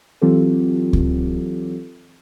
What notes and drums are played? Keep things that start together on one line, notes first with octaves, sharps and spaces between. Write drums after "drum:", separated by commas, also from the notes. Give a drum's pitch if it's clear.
E3 F#3 C4 F4 G4 A4
drum: kick C#2